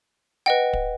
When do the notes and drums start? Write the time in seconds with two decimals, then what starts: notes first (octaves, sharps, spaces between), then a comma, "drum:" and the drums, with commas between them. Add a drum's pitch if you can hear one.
0.46 B4 D#5 F#5 G5
0.73 drum: kick